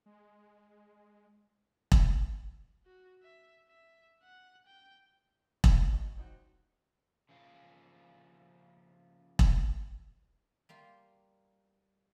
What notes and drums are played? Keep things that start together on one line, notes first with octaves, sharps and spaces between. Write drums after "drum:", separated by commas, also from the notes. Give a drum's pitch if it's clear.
G#3
drum: kick E1
F#4
E5
E5
F#5
G5
A#3 C4 D4 D5 F#5, drum: kick E1
A3 F#4 D#5
G3 C4 D#4 F4 F#4
C#3 F3 A#3 F4
drum: kick E1
G3 A#3 F4